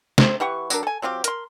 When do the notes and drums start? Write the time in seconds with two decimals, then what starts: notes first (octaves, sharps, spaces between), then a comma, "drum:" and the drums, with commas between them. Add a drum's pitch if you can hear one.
0.18 C3 C5, drum: snare
0.40 E3 G4 F#5 C#6
0.70 F#3 D4 A#4, drum: tambourine
0.83 A4 G#5
1.02 F#3 C4 F4 G4
1.24 A#4 C6, drum: hi-hat